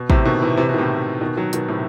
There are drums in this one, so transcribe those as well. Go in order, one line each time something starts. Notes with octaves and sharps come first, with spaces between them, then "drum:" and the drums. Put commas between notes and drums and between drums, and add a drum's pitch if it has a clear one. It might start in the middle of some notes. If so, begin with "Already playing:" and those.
Already playing: B2
A2 C3, drum: kick
B2 D#3
C3 E3
C3 E3
B2
D#3
A2 C3
B2 D#3
D#3 F#3
B2 D#3, drum: hi-hat
A2 C3